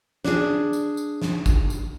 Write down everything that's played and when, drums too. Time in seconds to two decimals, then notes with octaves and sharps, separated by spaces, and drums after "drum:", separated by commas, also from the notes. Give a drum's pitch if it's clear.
0.25 D4 G#4, drum: snare
0.73 drum: tambourine
0.97 drum: tambourine
1.22 drum: snare
1.46 drum: kick, tambourine
1.70 drum: tambourine